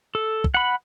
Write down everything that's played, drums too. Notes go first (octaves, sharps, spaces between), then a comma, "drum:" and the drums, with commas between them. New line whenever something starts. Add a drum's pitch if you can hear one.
A4
drum: kick
F#5 B5